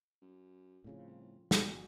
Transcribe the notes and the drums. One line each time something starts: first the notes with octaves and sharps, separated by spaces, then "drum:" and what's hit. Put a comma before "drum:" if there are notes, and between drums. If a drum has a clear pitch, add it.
F#2
A2 C#3 F3 C4 F4
C2
G1 E2 G3 F#4 G#4, drum: snare